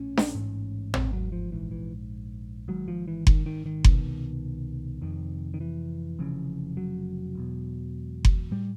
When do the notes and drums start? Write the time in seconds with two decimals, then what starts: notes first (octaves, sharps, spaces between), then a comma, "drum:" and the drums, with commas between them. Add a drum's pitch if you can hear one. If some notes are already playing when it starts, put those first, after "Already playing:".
Already playing: A#1 A2 C#4
0.17 drum: snare D4
0.35 A1 G#2
0.94 C4, drum: tom
1.13 F#3
1.32 F3
1.52 A#1 G#2 E3
1.71 E3
2.68 G#1 G#2 F#3
2.88 F3
3.08 E3
3.27 D#3, drum: kick F#1
3.46 D#3
3.66 D#3
3.84 C2 B2, drum: kick F#1
5.01 F1 F2 C3 D#3
5.54 D#3
5.60 E3
6.19 F1 F2 C#3
6.77 F#3
7.35 E1 E2 B2
8.25 drum: kick F#1
8.51 A2 G3